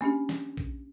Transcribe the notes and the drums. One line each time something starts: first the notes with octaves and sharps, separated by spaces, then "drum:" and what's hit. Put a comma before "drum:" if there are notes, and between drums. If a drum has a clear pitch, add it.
A#3 C#4 D4 G4
drum: snare
drum: kick A#1